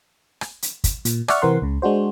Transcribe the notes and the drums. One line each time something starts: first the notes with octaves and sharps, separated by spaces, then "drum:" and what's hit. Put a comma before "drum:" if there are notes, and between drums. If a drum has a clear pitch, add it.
drum: rim click
drum: hi-hat
drum: kick, hi-hat
A#2, drum: hi-hat
D5 E5 F#5 C#6 F6, drum: rim click
C3 E3 C4 A#4 F#5 C6
C#2 C#3
G#3 D4 F#4 C5